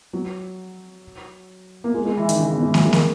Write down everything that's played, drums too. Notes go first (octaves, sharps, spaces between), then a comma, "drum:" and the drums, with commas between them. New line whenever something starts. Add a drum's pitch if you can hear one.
F#3
A#3
G#3
G#3
E3
D#3, drum: hi-hat
C#3
B2
G#2
F#3, drum: snare
G#3
A#3, drum: snare